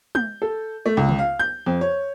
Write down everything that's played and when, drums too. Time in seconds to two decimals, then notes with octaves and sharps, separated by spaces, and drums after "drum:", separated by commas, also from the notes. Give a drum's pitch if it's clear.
0.15 G6, drum: tom
0.42 A4
0.86 A3
0.97 C#2
1.09 drum: tom
1.19 F5
1.39 G6
1.66 F2
1.81 C#5